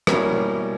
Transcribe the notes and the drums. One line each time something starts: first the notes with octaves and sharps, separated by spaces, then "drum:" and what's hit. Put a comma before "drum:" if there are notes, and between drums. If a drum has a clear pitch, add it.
B2 G3 A#3 C#4 E4, drum: rim click